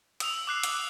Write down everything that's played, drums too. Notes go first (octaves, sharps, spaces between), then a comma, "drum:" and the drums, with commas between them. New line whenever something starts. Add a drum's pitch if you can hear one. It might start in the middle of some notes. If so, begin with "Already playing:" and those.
D#6 E6 F7, drum: hi-hat
D6 F#6 C7 F7
drum: hi-hat